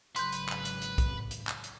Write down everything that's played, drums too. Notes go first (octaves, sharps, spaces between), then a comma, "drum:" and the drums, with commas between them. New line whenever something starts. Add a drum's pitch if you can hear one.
G#1 C#3 F#3 B4 C6 G6, drum: hi-hat
drum: hi-hat
drum: clap
drum: hi-hat
drum: hi-hat
drum: kick, hi-hat
drum: hi-hat
drum: clap
drum: hi-hat